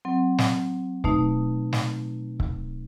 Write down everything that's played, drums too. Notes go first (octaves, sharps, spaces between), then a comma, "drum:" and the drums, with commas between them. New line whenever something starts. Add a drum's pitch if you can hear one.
F#3 C4
drum: snare
B2 A3 D#4, drum: kick C#1
drum: snare
drum: kick C#1